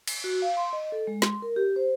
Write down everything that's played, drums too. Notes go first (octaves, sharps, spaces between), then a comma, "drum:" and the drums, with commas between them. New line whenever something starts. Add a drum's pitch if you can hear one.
drum: cymbal
F#4
F5
C6
D#5
A4
G#3
C6, drum: snare
A#4
G4
C5